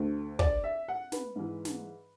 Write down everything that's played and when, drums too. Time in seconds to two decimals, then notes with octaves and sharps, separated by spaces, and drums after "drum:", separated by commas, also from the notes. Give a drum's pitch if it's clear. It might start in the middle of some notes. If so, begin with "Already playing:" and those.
Already playing: D2 D3 A3
0.39 D5, drum: kick
0.64 E5
0.88 F#5
1.12 B4, drum: snare
1.36 G#2 E3 G#3
1.65 drum: snare